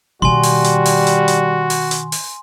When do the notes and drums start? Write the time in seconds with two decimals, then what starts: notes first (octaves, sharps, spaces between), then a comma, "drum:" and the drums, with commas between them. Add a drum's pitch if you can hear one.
0.22 B2 D#3 G3 F#4 G#5 C6
0.43 drum: open hi-hat
0.64 drum: hi-hat
0.86 drum: open hi-hat
1.07 drum: hi-hat
1.28 drum: hi-hat
1.70 drum: open hi-hat
1.91 drum: hi-hat
2.12 drum: open hi-hat